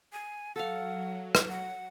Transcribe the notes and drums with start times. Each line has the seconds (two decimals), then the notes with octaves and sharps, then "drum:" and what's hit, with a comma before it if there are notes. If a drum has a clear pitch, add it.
0.13 G#5
0.56 F#3 A4 F5 F#5
1.35 drum: rim click
1.49 F#5